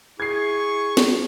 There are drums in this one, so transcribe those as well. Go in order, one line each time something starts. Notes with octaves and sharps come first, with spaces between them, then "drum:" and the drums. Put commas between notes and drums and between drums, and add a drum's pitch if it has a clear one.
E4 G#4 C#6 G#6 C7
drum: snare